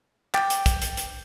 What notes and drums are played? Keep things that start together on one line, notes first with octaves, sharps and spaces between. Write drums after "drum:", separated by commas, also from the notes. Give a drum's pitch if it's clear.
G5 D6 A6, drum: clap
drum: hi-hat
drum: kick, hi-hat
drum: hi-hat
drum: hi-hat